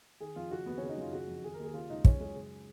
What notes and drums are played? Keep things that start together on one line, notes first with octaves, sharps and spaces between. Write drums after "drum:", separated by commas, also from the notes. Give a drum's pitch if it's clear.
D#3 G#4
F2 F4
C#3 F#4
D#2 B3
C#3 C#4
D#4
F#2 F4
C#3 F#4
F2
D#3 G#4
A#4
D#2
G#4
C#3 F4
C#2 D#4
C#3 C#4, drum: kick
F#2 G#3
C#3